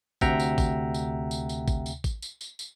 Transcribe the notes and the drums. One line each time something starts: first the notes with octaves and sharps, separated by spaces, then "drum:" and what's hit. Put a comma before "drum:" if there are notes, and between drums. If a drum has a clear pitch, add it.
D2 C3 E5 F#5 G5 A#5, drum: kick G#1, tambourine
drum: tambourine
drum: kick G#1, tambourine
drum: tambourine
drum: tambourine
drum: tambourine
drum: kick G#1, tambourine
drum: tambourine
drum: kick G#1, tambourine
drum: tambourine
drum: tambourine
drum: tambourine